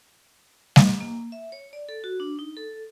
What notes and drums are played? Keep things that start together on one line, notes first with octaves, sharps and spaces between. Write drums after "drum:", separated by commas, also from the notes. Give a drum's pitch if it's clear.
drum: snare G3
A#3
E5
C#5
D5
A4
F#4
D4
D#4
A4